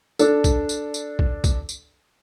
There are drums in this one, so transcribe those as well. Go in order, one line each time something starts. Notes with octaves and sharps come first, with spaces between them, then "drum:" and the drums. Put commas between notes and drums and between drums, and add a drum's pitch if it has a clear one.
D4 A4, drum: tambourine
drum: kick B1, tambourine
drum: tambourine
drum: tambourine
drum: kick B1
drum: kick B1, tambourine
drum: tambourine